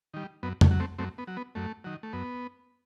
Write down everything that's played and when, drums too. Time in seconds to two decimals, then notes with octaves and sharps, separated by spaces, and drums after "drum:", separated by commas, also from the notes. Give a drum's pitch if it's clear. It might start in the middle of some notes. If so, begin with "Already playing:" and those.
0.14 D#3 G3
0.43 F#2 B3
0.61 A3, drum: tom F2
0.71 F#3
0.80 A3 C4
0.99 F#2 A3 C4
1.18 B3
1.27 F#3
1.37 B3
1.55 F#2 A3
1.84 D#3 F#3
2.03 A3
2.13 F#2 B3